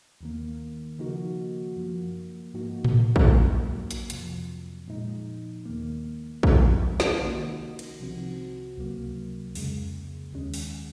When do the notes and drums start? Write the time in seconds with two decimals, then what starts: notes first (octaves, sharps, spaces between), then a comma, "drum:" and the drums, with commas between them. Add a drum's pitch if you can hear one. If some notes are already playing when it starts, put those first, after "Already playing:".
0.20 D#2 D#3 A#3
0.98 C#3 F3 A#3 D#4 F#4
1.76 F#2 F3 A#3
2.54 G#2 F3 A#3 D#4 F#4
2.85 drum: tom A2
3.16 drum: kick
3.32 G#2 F#3 A#3
3.91 drum: hi-hat
4.10 F2 C3 F3, drum: hi-hat
4.88 A#2 F3 G#3 D#4
5.65 D#2 D#3 A#3
6.43 C#2 C3 F3 G#3 C#4, drum: kick
7.00 drum: snare
7.22 D#3 A#3 D#4 F#4
7.79 drum: cymbal
7.99 C2 C3 F3 C4 F#4
8.77 C#2 C3 F#3 A#3
9.55 F2 C#3 G#3, drum: open hi-hat
10.32 D#2 D#3 G#3 C#4
10.54 drum: open hi-hat